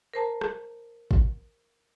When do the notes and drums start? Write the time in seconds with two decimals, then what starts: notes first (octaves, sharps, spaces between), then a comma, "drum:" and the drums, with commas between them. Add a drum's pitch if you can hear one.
0.14 A#4 C5 A5 A#5
0.41 drum: rim click
1.11 drum: kick